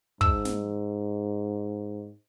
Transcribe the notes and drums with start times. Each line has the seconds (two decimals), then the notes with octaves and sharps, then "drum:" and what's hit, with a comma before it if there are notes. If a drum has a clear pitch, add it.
0.21 G#2 E6, drum: kick
0.45 drum: snare